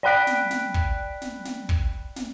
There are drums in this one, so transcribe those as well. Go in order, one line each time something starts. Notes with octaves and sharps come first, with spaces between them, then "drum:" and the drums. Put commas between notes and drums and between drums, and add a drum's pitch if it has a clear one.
D5 G5 B5 F#6 B6 D7
drum: snare
drum: snare
drum: kick
drum: snare
drum: snare
drum: kick
drum: snare